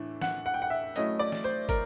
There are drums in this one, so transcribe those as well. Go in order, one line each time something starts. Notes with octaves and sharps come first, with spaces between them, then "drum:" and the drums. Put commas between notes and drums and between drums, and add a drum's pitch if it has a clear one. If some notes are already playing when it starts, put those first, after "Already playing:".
Already playing: A2 E3 A3 D4
F#5, drum: snare
F#5
G5
F#5
E5
F#3 A3 C#4 E4 D#5, drum: hi-hat
D5
drum: snare
C5
A#4, drum: kick, hi-hat